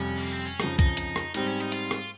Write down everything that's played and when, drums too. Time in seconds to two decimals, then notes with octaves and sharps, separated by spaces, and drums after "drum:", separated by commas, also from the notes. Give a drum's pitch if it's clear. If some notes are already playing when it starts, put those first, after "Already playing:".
Already playing: F2 C3 G3 C#4
0.18 A#3
0.32 C4
0.45 C#4
0.60 F2 C#3 F3 D#4, drum: rim click
0.79 D#4, drum: kick C2, hi-hat
0.97 drum: hi-hat
1.16 drum: rim click
1.34 G#2 G3 C4 D#4, drum: hi-hat
1.47 C#4
1.60 D#4
1.72 F4, drum: hi-hat
1.91 drum: rim click